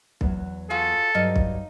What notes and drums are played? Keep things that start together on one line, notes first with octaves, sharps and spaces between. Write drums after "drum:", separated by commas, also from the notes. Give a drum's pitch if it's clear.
E2 F#3 B3, drum: kick B1
F4 F#4 G#4 A4
G2 F#3 D#4 F5
drum: kick B1